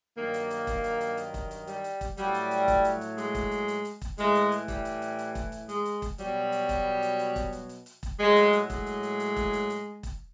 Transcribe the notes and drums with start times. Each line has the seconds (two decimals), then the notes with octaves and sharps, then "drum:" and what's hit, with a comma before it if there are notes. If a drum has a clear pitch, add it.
0.17 G2 D#3 F#3 A#3
0.34 drum: hi-hat
0.50 drum: hi-hat
0.67 drum: kick E1, hi-hat
0.84 drum: hi-hat
1.01 drum: hi-hat
1.17 drum: hi-hat
1.34 drum: kick E1, hi-hat
1.51 drum: hi-hat
1.67 G3, drum: hi-hat
1.84 drum: hi-hat
2.01 drum: kick E1, hi-hat
2.17 A2 F#3 G3, drum: hi-hat
2.34 drum: hi-hat
2.51 drum: hi-hat
2.68 drum: kick E1, hi-hat
2.85 drum: hi-hat
3.01 drum: hi-hat
3.18 G#3, drum: hi-hat
3.35 drum: kick E1, hi-hat
3.51 drum: hi-hat
3.68 drum: hi-hat
3.85 drum: hi-hat
4.02 drum: kick E1, hi-hat
4.18 A2 E3 G#3, drum: hi-hat
4.35 drum: hi-hat
4.52 drum: hi-hat
4.68 G3, drum: kick E1, hi-hat
4.85 drum: hi-hat
5.02 drum: hi-hat
5.19 drum: hi-hat
5.35 drum: kick E1, hi-hat
5.52 drum: hi-hat
5.69 G#3, drum: hi-hat
5.85 drum: hi-hat
6.02 drum: kick E1, hi-hat
6.18 B2 F#3 G3, drum: hi-hat
6.52 drum: hi-hat
6.69 drum: kick E1, hi-hat
7.02 drum: hi-hat
7.19 drum: hi-hat
7.36 drum: kick E1, hi-hat
7.53 drum: hi-hat
7.69 drum: hi-hat
7.86 drum: hi-hat
8.03 drum: kick E1, hi-hat
8.19 A2 F#3 G#3
8.36 drum: hi-hat
8.53 drum: hi-hat
8.70 G#3, drum: kick E1, hi-hat
8.86 drum: hi-hat
9.03 drum: hi-hat
9.20 drum: hi-hat
9.36 drum: kick E1, hi-hat
9.53 drum: hi-hat
9.70 drum: hi-hat
10.03 drum: kick E1, hi-hat